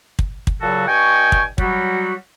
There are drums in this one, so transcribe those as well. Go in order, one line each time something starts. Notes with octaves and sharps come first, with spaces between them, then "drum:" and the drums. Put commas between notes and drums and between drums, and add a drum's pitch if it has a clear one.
drum: kick
drum: kick
A#2 C#3 F#3 F#4 A4 A5
G2 D#5 G5 G#5 C#6
drum: kick
F#3 G3 F#4, drum: kick